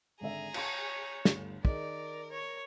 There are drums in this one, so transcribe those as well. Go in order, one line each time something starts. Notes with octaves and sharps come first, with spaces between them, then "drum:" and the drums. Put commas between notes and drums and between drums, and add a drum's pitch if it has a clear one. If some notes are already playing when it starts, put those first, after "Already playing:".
G#1 D3 G#4 E5 A#5
C#5 F5 A5 C#6, drum: cymbal
G1 D2, drum: snare
D#3 G#4 A#4 D5 D#5, drum: kick
C#5